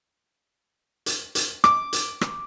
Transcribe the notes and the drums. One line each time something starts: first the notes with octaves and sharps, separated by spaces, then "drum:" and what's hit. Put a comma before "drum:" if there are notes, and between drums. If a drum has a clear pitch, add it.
drum: hi-hat
drum: hi-hat
D6, drum: rim click
drum: hi-hat
drum: rim click